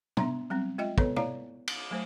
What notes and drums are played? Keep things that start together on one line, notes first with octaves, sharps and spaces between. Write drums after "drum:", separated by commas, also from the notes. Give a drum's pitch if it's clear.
B3 D4 E5 A#5 C6, drum: tom
F#3 G3 C4
G#3 F4 D#5 E5 G5
B3 A4 B4 C#5, drum: kick
E4 C#5 D5 F5 A#5, drum: tom
drum: cymbal
F#3 A3 C5